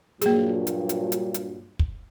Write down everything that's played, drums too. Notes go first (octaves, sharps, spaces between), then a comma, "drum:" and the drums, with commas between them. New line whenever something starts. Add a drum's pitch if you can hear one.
G2 A#2 F#3 A#3 G#4, drum: hi-hat
drum: hi-hat
drum: hi-hat
drum: hi-hat
drum: hi-hat
drum: kick